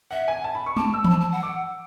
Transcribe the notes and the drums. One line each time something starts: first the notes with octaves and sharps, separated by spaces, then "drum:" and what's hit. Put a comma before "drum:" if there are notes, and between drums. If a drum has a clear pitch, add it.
E5 F#5
G#5
A5
B5
C#6
A5 D6, drum: tom G#3
E6
B5, drum: tom E3
A5
A5
F#5
D6